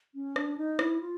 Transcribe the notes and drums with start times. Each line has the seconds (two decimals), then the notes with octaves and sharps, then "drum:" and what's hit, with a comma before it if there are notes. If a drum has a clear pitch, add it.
0.15 C#4
0.36 D4, drum: rim click
0.58 D#4
0.79 E4, drum: rim click
1.00 F4